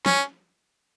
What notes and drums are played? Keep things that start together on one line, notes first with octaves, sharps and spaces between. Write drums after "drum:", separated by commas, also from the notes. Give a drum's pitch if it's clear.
C#4, drum: snare